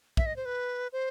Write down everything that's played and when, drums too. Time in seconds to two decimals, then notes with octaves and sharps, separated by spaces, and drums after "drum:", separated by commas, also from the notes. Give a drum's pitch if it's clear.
0.17 E5, drum: kick
0.26 D#5
0.36 C5
0.45 B4
0.92 C5